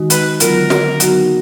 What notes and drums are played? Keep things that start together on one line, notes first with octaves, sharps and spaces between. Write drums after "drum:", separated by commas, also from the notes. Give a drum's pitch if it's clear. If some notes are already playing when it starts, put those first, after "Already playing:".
Already playing: D#3 G#3 D#4 F#4
B4, drum: hi-hat
D3 F#3 B3 F4 A#4, drum: hi-hat
drum: snare
F#3 B3 D#4 F#4, drum: hi-hat